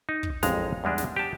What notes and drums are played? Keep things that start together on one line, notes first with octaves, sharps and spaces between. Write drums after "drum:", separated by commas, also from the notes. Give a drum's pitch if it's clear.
D#4
drum: kick
A1 F2 G#3 A#5, drum: snare
E2 G3 G#3 D4
drum: snare
G4 A5